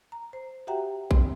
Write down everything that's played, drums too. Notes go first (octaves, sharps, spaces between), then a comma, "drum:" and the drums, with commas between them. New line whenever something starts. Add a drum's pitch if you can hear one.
A#5
C5
F#4 G4 E5 F#5 G5 A#5
C4, drum: kick A#1